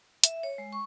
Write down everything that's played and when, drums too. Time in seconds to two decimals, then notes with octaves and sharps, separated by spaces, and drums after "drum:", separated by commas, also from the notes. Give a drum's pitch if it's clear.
0.24 E5, drum: hi-hat
0.43 C#5
0.58 G#3
0.73 C#6